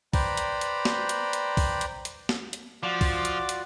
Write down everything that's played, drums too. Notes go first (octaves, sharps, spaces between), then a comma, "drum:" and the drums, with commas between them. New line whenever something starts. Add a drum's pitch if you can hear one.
B4 C5 D5 G5 A#5 B5, drum: kick B1, open hi-hat
drum: hi-hat
drum: hi-hat
drum: snare
drum: hi-hat
drum: hi-hat
drum: kick B1, open hi-hat
drum: hi-hat
drum: hi-hat
drum: snare
drum: hi-hat
F3 F4 F#4 D5 D6
drum: kick B1, open hi-hat
drum: hi-hat
drum: hi-hat